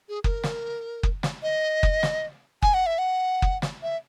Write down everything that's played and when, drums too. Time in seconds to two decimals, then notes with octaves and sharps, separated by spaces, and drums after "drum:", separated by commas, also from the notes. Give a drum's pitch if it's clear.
0.09 G#4
0.24 A#4, drum: kick F#1
0.44 drum: snare
1.03 drum: kick F#1
1.23 drum: snare
1.43 D#5
1.83 drum: kick F#1
2.03 drum: snare
2.62 G#5, drum: kick F#1
2.74 F#5
2.86 E5
2.98 F#5
3.42 drum: kick F#1
3.62 drum: snare
3.83 E5